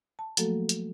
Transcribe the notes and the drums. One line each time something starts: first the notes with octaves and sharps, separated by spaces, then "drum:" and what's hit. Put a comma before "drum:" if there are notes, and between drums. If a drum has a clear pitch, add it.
A5
F3 F#3 A3 A#3 F#4 A4, drum: hi-hat
drum: hi-hat